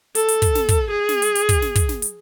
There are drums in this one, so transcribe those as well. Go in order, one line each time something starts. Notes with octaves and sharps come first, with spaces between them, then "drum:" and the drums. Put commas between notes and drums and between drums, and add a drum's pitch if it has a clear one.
A4, drum: hi-hat
drum: hi-hat
drum: kick, hi-hat
drum: snare
drum: kick, hi-hat
G#4
drum: snare
drum: hi-hat
drum: hi-hat
drum: kick, hi-hat
drum: snare
drum: kick, hi-hat
drum: snare
drum: hi-hat